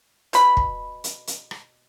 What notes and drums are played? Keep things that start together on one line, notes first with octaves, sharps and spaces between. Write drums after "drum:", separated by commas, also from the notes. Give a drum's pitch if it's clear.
B2 B5, drum: hi-hat
drum: kick
drum: hi-hat
drum: hi-hat
drum: rim click